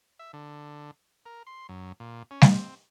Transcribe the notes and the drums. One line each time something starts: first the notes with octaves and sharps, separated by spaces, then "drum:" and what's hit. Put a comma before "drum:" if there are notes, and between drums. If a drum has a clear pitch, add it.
E5
D3
A#4
C6
F#2
A#2
C#4
drum: snare G3
C4